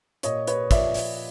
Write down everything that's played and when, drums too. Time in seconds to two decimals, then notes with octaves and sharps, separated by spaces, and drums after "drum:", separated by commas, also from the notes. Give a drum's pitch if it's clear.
0.23 A#2 C#5 D#5, drum: hi-hat
0.47 B4 C#5, drum: hi-hat
0.71 F3 D5 E5, drum: kick, hi-hat
0.94 drum: open hi-hat